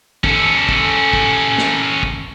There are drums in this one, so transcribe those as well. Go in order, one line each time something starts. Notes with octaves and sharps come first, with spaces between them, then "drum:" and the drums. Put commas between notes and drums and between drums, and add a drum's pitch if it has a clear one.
C#4 A4, drum: kick
drum: kick
drum: kick
drum: snare
drum: kick